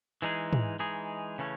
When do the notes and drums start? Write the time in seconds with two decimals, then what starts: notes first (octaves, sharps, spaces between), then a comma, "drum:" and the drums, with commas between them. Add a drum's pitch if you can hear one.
0.22 E3 G#3 D#4 G#4
0.53 drum: tom
0.79 E3 G#3 D#4 G#4
1.38 C#3 E3 A3 C#4